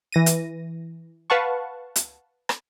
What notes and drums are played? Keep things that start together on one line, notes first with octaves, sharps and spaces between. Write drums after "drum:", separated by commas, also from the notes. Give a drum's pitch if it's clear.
E3 A#6 D#7
drum: hi-hat
B4 F5 F#5 A5 C#6
drum: hi-hat
drum: rim click